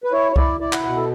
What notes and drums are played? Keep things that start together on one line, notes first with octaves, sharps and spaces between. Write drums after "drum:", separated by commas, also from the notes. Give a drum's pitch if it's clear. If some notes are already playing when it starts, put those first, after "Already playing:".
B4
E4 C#5
C#5
E4 D5, drum: kick C2
E4 D5
F#5, drum: clap
B2 F#5
A4